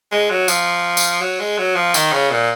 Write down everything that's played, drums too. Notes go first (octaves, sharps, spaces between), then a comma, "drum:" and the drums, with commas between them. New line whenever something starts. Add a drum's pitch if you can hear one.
G#3
F#3
F3, drum: tambourine
drum: tambourine
F#3
G#3
F#3
F3
D#3, drum: tambourine
C#3
A#2